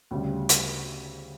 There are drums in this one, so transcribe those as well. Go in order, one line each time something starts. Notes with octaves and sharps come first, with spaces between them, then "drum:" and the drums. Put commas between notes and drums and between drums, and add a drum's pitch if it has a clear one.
D2 C#3 G3
drum: hi-hat